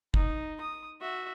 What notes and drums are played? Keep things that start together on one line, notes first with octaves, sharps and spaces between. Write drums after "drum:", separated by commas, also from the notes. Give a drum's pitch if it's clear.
D#4, drum: kick
D#6
F#4 E5